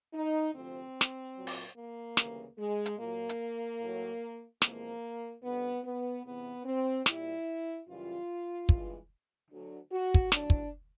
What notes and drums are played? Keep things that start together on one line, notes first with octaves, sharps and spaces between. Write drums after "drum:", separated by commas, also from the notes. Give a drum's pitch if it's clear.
D#4
D2 C3 F3 C4
drum: snare
A#2 F#3
drum: open hi-hat
A#3
D2 C#3 E3 G3, drum: snare
G#3
drum: hi-hat
A#2 F#3 A#3
drum: hi-hat
A2 F#3
E2 C3 F3 G#3 A#3, drum: snare
F2 D3 G3 B3
B3
E2 C3 E3 B3
C4
A#2 G3 E4, drum: snare
F#2 C#3 E3 G3 F4
G2 E3 G#3, drum: kick
D2 D3 F#3
F#4
drum: kick
A2 F#3 D4, drum: snare
drum: kick